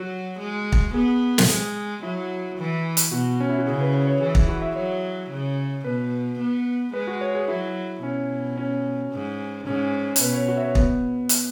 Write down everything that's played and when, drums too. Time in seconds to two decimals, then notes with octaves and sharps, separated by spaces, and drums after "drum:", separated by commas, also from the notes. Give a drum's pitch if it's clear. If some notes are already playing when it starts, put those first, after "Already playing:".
Already playing: F#3 F#4
0.39 G#3
0.72 drum: kick
0.94 B3 G#4
1.38 drum: snare
1.49 G#3
2.03 F#3 E4
2.58 E3
2.97 drum: hi-hat
3.12 B2 F#4
3.40 C#4
3.49 E4
3.59 F#4
3.67 C#3 G#4
3.81 B4
3.94 C#5
4.07 C#5
4.21 E3 G#4
4.35 E4, drum: kick
4.48 F#4
4.62 E5
4.76 F#3 C#5
5.31 C#3
5.84 B2 B4
6.40 B3
6.93 G#3 B4
7.07 F#4
7.21 C#5
7.35 G#4
7.48 F#3 E4
8.03 B2 C#4
8.57 C#4
9.12 G#2
9.67 G#2 C#4
10.16 C#5, drum: hi-hat
10.21 B2 B4
10.34 C#5
10.48 F#4
10.57 E5
10.63 C#5
10.75 B3, drum: kick
11.29 drum: hi-hat